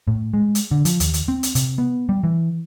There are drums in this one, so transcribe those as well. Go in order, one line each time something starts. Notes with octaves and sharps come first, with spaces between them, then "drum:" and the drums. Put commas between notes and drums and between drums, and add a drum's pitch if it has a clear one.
A2
G#3
drum: hi-hat
D3
F3, drum: hi-hat
D#2, drum: hi-hat
drum: hi-hat
C4
drum: hi-hat
C3, drum: hi-hat
B3
G3
E3